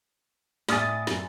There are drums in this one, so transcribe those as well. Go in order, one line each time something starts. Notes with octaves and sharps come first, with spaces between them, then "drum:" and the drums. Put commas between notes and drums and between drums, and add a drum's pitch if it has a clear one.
A2 D5 E5 G#5 D#6 A6, drum: snare
F#2, drum: snare